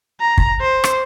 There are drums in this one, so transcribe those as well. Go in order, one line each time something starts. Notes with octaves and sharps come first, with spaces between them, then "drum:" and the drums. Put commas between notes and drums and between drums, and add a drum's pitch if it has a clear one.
A#5
drum: kick
C5
drum: rim click